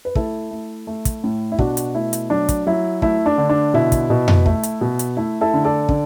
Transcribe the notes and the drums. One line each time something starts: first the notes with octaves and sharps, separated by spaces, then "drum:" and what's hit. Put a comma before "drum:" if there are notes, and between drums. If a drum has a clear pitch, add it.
B4
A3 E4 A4, drum: kick
A3
A3
drum: kick, hi-hat
A2
E4
B2 D4 F#4, drum: kick
drum: hi-hat
A3 E4
drum: hi-hat
F#3 D4
drum: kick, hi-hat
F#3 E4
A3 E4, drum: kick
D4
D3
D4
B2 E4
drum: kick, hi-hat
B2
drum: tom F2
A3, drum: kick
drum: hi-hat
B2
drum: hi-hat
A3 E4
E4 A4
D3
A4 D5
D3, drum: kick